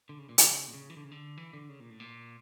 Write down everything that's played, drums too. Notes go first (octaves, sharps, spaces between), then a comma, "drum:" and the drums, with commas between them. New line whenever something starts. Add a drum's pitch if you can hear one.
D3
C#3
A#2
C#3, drum: hi-hat
A#2
C#3
E3
D3
C#3
D3
E3
D3
C#3
A#2
A2
A#2